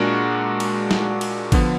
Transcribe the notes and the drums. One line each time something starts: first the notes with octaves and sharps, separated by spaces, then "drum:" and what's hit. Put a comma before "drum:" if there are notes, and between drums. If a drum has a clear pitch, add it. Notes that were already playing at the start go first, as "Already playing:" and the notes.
Already playing: A#2 G#3 D4 F#4 A#4
drum: cymbal
drum: snare
drum: cymbal
D3 F3 B3, drum: kick A1, cymbal